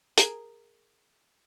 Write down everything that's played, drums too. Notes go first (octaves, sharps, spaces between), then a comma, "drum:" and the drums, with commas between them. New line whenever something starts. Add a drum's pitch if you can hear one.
G#4 A#4, drum: hi-hat